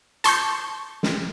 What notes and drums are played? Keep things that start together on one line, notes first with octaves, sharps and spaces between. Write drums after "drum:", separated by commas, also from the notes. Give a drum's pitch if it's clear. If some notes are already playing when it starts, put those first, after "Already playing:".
A5 C6 C#6 G6, drum: hi-hat
drum: snare